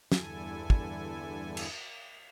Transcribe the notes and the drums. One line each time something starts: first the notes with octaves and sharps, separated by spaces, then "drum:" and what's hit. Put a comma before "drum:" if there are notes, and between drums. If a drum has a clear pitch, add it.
E2 G2 D3 E4 A4 G#5, drum: snare
drum: kick
drum: cymbal